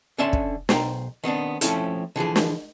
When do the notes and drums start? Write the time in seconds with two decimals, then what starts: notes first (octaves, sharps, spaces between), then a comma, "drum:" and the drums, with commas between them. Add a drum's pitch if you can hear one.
0.18 D3 C#4 D4 E5 A5 C6
0.33 drum: kick
0.69 B1 C5 G5 A#5, drum: snare
1.24 D#3 B3 C4 D4
1.61 F3 A3 C4 C#4 E4 A4, drum: hi-hat
2.16 D3 E3 F3 G#4
2.36 drum: snare